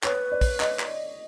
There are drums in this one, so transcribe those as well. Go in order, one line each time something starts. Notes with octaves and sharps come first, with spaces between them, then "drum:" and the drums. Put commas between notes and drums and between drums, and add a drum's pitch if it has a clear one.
B4 C#5, drum: clap
D5
drum: kick, open hi-hat
D#5, drum: clap
drum: clap